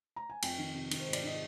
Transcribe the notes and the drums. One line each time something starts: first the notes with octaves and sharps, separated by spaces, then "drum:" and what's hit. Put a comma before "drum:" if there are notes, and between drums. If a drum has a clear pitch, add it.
A#5
G#5
F2 G5, drum: cymbal
D#3
C3
D#3, drum: cymbal
C5
G#2
D5, drum: cymbal
D#3 D#5